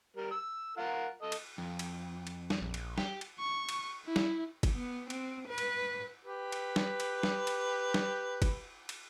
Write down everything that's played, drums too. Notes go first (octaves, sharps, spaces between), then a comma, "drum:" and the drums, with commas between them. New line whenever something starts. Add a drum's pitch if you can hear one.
G3 A#4
E6
F4 A#4 F#5
A4 D#5
drum: cymbal
F2
drum: cymbal
drum: cymbal
drum: snare
A#1
drum: cymbal
G4, drum: snare
drum: cymbal
C#6
drum: cymbal
E4
drum: snare
drum: kick G1, cymbal
B3
C4, drum: cymbal
B4
drum: cymbal
G4 B4
drum: cymbal
drum: snare
drum: cymbal
drum: snare
drum: cymbal
drum: snare
drum: kick G1, cymbal
drum: cymbal